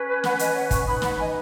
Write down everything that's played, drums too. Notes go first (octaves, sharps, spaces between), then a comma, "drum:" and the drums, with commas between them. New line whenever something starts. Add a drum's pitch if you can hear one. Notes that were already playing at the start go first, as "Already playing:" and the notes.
Already playing: C#4 B4
F#5 B5, drum: snare
D#5 G#5, drum: hi-hat
C#5 F#5
C#6 F#6, drum: kick, hi-hat
D#4 B4 B5 D#6
F#5 B5, drum: snare
D#5 G#5